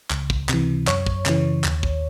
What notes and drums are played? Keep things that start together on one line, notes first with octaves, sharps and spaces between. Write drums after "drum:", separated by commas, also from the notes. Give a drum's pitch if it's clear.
C#2, drum: clap
drum: kick
C3 E3, drum: clap
F#2 C#5, drum: clap
drum: kick
C#3 E3, drum: clap
D#2, drum: clap
drum: kick